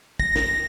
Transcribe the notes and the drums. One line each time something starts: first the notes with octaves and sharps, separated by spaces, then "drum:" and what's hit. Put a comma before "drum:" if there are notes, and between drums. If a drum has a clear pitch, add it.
A#6, drum: kick
drum: snare